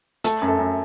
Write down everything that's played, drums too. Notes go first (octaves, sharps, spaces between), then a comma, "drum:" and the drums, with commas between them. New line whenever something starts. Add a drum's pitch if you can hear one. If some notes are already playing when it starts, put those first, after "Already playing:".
A3 A4, drum: hi-hat
F#2
A4
F#2